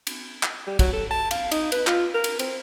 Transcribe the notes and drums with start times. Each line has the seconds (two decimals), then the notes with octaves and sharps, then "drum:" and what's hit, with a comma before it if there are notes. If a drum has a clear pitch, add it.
0.07 drum: cymbal
0.43 drum: clap
0.67 G3
0.79 F#3, drum: kick, cymbal
0.93 A4
1.11 A5
1.31 F5, drum: cymbal
1.52 D#4, drum: cymbal
1.72 B4, drum: cymbal
1.87 F4, drum: clap
2.14 A#4
2.24 drum: cymbal
2.39 C4, drum: cymbal